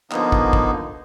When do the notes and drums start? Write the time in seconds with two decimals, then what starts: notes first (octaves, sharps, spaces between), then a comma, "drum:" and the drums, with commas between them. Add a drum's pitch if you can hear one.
0.12 D3 F3 A#3 B3 D#4, drum: clap
0.32 drum: kick
0.53 drum: kick